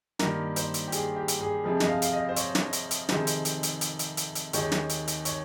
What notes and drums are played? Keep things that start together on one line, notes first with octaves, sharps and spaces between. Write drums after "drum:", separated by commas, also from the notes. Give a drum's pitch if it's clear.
G2 D#3 A#3 A#4, drum: snare
C5, drum: hi-hat
drum: hi-hat
G4
G#4, drum: hi-hat
G4
drum: hi-hat
G#4
F2 C3 F3 G#3 G#4
D#5, drum: snare
F5
F5, drum: hi-hat
D#5
C5
C#5, drum: hi-hat
drum: snare
drum: hi-hat
drum: hi-hat
F2 C3 D#3 G#3 C5, drum: snare
drum: hi-hat
drum: hi-hat
drum: hi-hat
drum: hi-hat
drum: hi-hat
drum: hi-hat
drum: hi-hat
D#2 D#3 G#3 C#5, drum: hi-hat
drum: snare
drum: hi-hat
drum: hi-hat
C#5, drum: hi-hat